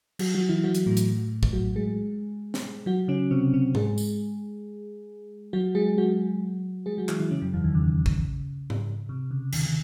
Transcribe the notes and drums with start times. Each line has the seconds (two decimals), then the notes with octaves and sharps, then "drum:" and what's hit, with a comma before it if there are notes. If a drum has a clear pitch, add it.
0.19 F#3 F#4, drum: cymbal
0.34 F#3 F#4
0.49 E3 E4
0.64 F#3 F#4
0.75 drum: hi-hat
0.86 A2 A3
0.97 drum: hi-hat
1.43 drum: kick
1.53 F#3 F#4
1.76 G#3 G#4
2.54 drum: snare
2.86 F#3 F#4
3.08 C#3 C#4
3.31 C3 C4
3.53 C3 C4
3.75 G#3 G#4, drum: tom G#2
3.98 drum: tambourine
5.53 F#3 F#4
5.75 G#3 G#4
5.98 F#3 F#4
6.86 G#3 G#4
6.98 F#3 F#4
7.09 E3 E4, drum: clap
7.20 E3 E4
7.31 C#3 C#4
7.41 F#2 F#3
7.53 E2 E3
7.64 D#2 D#3
7.75 C#3
8.06 drum: kick
8.70 drum: tom G#2
9.09 C3
9.31 C#3
9.52 D#2 D#3, drum: cymbal
9.66 D#3